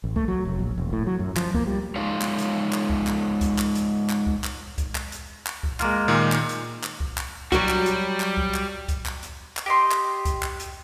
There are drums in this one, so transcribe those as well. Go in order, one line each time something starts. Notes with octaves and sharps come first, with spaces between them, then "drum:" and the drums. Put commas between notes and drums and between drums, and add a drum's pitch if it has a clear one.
A1
A3, drum: kick C2
F#3
F1
A#1
E1
A2
F#3
F#2
F3, drum: clap
A#3, drum: kick C2
G3
G#3 D#4 F4 C#5 F5
drum: clap
drum: hi-hat
drum: clap
drum: kick C2
drum: clap
drum: kick C2, hi-hat
drum: clap
drum: hi-hat
drum: clap
drum: kick C2
drum: clap
drum: kick C2, hi-hat
drum: clap
drum: hi-hat
drum: clap
drum: kick C2
G#3 A#3 F4, drum: clap
A#2 D#3
drum: clap
drum: hi-hat
drum: clap
drum: kick C2
drum: clap
F#3 G3 F#4, drum: kick C2, hi-hat
drum: clap
drum: hi-hat
drum: clap
drum: kick C2
drum: clap
drum: kick C2, hi-hat
drum: clap
drum: hi-hat
drum: clap
G4 D#5 C6
drum: clap
drum: kick C2, hi-hat
drum: clap
drum: hi-hat